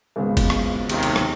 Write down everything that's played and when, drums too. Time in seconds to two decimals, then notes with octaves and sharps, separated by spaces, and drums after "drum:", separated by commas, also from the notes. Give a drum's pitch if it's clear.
0.16 G#1 C#2 B3
0.37 drum: kick F#1, cymbal
0.50 drum: rim click
0.90 D#2 C3 D#3, drum: cymbal
1.03 drum: cymbal
1.16 drum: rim click